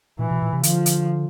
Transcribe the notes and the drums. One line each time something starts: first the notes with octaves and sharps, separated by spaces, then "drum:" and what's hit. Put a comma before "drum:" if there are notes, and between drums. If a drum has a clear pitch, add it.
A#2 E3
B2
A#2
C3
D3 F3, drum: hi-hat
drum: hi-hat